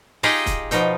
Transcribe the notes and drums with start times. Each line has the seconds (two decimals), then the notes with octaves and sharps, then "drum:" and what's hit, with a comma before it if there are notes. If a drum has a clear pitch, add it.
0.23 D#4 F4 G4 G#4 D#5, drum: open hi-hat
0.46 drum: kick, hi-hat
0.71 B2 F3 D#4 G5, drum: hi-hat